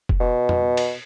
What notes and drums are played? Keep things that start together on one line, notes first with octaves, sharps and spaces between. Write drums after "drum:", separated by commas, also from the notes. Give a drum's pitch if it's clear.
drum: kick F1
B2
drum: tom F2
drum: cymbal